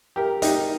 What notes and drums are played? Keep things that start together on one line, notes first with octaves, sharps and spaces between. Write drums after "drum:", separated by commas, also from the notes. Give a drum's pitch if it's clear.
G4 A#4
D#4 G4, drum: hi-hat